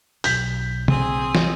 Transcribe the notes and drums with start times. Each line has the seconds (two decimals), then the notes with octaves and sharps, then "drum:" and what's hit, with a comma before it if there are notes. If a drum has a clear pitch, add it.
0.24 B1 G6 B6, drum: open hi-hat
0.88 C4 G#4 D#6, drum: tom
1.35 drum: snare